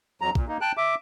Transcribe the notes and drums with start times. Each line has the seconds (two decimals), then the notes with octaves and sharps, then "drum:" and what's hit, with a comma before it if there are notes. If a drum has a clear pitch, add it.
0.21 F2 F#3 A#5
0.35 A#2, drum: kick
0.48 A#3 D#4
0.61 G5 A5 F#6
0.77 E5 D6